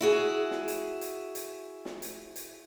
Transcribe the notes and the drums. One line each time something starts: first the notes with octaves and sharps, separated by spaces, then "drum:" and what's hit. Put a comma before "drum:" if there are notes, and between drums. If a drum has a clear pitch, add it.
E4 F#4 G#4
drum: snare
drum: hi-hat
drum: hi-hat
drum: hi-hat
drum: snare
drum: hi-hat
drum: hi-hat